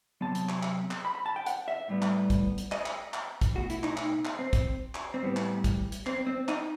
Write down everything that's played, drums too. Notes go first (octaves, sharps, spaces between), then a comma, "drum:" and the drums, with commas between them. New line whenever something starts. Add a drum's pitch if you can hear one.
C3 F#3 B3 A5
drum: hi-hat
drum: clap
drum: clap
drum: clap
B5
B5
A5
G5
F#5, drum: hi-hat
E5
A2 G3 B3
drum: clap
drum: kick, hi-hat
drum: hi-hat
D#5, drum: clap
drum: clap
drum: clap
drum: kick, hi-hat
B2 A3 F#4
E4, drum: hi-hat
D#4, drum: clap
drum: clap
drum: clap
C4
drum: kick, hi-hat
drum: clap
C4
A2 E3 G3 B3
drum: clap
drum: kick, hi-hat
drum: hi-hat
C4, drum: clap
C4
D#4, drum: clap